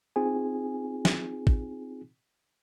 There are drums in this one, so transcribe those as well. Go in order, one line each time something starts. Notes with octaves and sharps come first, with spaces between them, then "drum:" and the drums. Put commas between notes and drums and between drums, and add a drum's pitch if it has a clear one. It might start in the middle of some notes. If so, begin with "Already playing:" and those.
C4 D#4 F4 G#4 G#5
drum: snare
drum: kick